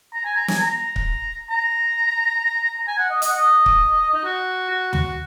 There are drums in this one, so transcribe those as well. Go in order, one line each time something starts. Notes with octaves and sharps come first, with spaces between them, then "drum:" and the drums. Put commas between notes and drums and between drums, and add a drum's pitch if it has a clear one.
A#5
G#5
A#5
G#5, drum: snare
A#5
drum: kick C#1
A#5
A#5
G#5
F#5
D#5
D#5, drum: hi-hat
F#5
D#5
drum: kick C#1
D#4
F#4
F#4
F#4, drum: tom